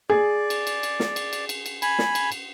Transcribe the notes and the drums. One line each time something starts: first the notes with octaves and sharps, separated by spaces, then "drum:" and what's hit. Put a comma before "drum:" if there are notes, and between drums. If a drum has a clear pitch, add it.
G#4 D5
drum: cymbal
drum: cymbal
drum: cymbal
drum: snare
drum: cymbal
drum: cymbal
drum: cymbal
drum: cymbal
G#5 B5, drum: cymbal
drum: snare
drum: cymbal
drum: cymbal